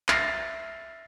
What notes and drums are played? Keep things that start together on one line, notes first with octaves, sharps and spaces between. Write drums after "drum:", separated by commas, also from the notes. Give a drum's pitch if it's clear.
E5 F6 A6 A#6 C7, drum: clap